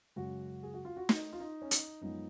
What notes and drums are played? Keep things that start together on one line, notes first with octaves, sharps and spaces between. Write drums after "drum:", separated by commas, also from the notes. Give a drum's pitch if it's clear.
F#2 C#3 G#3 F#4
G#4
F#4
F4
F#4
D#4, drum: snare
F4
D#4
C#4
D#4, drum: hi-hat
F#2 F3 G#3 B3 D#4